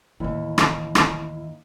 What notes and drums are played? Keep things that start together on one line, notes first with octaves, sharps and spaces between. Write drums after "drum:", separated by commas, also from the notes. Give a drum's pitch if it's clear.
D#2 A2 E3 E4
drum: rim click
drum: rim click